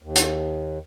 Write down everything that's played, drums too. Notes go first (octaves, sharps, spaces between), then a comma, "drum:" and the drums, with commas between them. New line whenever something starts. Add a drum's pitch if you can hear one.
D#2
drum: hi-hat